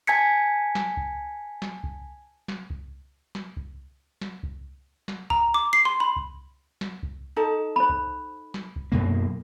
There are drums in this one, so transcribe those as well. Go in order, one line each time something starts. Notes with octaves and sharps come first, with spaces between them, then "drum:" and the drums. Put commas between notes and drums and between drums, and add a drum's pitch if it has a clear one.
G#5 A5 G#6 B6 C#7
drum: snare
drum: kick C2
drum: snare
drum: kick C2
drum: snare
drum: kick C2
drum: snare
drum: kick C2
drum: snare
drum: kick C2
drum: snare
A#5, drum: kick C2
D6
C7
C6
B5
drum: kick C2
drum: snare
drum: kick C2
D#4 A4 A5
C5 B5
drum: kick C2
drum: snare
drum: kick C2
F#2 B2 A#3